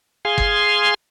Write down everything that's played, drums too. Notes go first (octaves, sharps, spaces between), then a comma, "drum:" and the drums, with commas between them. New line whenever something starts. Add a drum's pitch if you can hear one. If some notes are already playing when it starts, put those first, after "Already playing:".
G#4 F5 G#5 C6
drum: kick